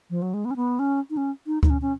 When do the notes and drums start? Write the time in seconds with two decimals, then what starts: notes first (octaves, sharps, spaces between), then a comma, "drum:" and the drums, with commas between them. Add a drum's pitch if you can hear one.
0.10 F3
0.22 F#3
0.34 G#3
0.45 B3
0.51 C#4
0.56 B3
0.79 C#4
1.10 D#4
1.17 C#4
1.47 D#4
1.63 D#4, drum: kick D2
1.70 C#4
1.82 C#4